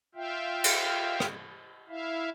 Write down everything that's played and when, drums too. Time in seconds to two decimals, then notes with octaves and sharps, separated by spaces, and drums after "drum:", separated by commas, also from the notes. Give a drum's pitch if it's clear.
0.15 F4 E5 F5 G5
0.64 drum: cymbal
1.20 drum: rim click
1.89 E4 E5 F5